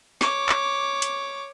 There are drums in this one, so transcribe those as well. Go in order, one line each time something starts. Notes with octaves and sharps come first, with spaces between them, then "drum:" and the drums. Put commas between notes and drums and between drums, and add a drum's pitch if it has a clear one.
C#5 D6, drum: snare
drum: clap
drum: hi-hat